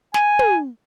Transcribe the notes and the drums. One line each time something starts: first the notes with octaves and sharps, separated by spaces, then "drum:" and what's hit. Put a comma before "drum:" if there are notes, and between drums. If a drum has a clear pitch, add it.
G#5, drum: snare
drum: tom